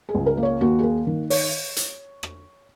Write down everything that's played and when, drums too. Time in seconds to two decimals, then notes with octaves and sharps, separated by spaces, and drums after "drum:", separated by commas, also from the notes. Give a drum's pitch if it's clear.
0.09 G#4
0.15 C#2
0.26 A#4
0.37 A#3
0.43 C#5
0.61 D#2 F#4
0.79 A#3 G#4
1.07 D#3
1.30 C#5, drum: open hi-hat
1.77 drum: hi-hat
2.23 drum: rim click